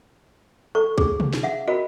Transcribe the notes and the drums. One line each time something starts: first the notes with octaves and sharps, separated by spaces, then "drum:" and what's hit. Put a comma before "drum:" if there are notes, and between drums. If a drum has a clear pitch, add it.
A4 C#6
G#4, drum: kick
drum: tom
drum: snare C#4
E5 F#5
F#4 A#4 D#5 B5